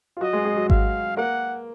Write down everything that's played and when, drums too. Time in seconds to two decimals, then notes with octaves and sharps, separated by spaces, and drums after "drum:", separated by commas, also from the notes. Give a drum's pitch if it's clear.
0.17 F4
0.21 F#3 F#4 D#5
0.33 G#3 G#4
0.45 G#3 G#4
0.56 F#3 F#4
0.70 F5, drum: kick G#1
1.17 A#3 A#4 F#5